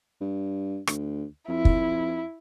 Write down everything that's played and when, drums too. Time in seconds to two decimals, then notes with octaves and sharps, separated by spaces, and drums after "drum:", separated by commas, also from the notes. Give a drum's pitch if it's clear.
0.21 G2
0.87 D2, drum: rim click
1.48 F2 E4
1.65 drum: kick